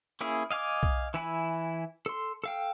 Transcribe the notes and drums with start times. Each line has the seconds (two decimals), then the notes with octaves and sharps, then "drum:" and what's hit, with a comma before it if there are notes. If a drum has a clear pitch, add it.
0.21 A#3 C#4 E4 G#4
0.51 D#5 F5 G#5 D6
0.83 drum: kick B1
1.14 E3 E4 G#5 B5
2.06 A4 C6
2.44 A4 F5 G5